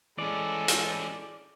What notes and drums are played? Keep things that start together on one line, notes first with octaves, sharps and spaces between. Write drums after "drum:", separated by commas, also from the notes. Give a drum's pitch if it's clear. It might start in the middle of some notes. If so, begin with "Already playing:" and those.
E3 G#3 C#4 A4 D5
drum: hi-hat